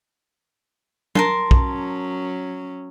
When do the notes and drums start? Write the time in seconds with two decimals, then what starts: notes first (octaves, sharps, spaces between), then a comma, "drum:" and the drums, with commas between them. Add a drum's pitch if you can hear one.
1.15 A#4 A5 C6, drum: tom
1.51 F#3 C#4, drum: kick